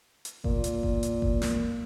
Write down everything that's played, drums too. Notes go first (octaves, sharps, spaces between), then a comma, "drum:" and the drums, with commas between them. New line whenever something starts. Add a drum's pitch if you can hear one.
drum: hi-hat
A#2, drum: kick G1
drum: hi-hat
drum: kick G1
drum: hi-hat
drum: kick G1
drum: snare